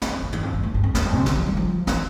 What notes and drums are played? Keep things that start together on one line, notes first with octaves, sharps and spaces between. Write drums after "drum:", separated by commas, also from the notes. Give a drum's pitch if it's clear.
E2, drum: snare
F2
F2
E2, drum: tom
F2
G2
A2
G2
F2
E2, drum: snare
F2
C3
D3, drum: snare
F3
G3
F3
E3, drum: snare